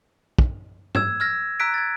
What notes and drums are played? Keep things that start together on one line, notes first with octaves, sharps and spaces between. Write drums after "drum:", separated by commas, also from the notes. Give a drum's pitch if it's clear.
drum: kick
E6 G#6 E7, drum: tom
E6 F6 G#6 A#6
A#5 E6 F#6 B6 D7
G#6 A6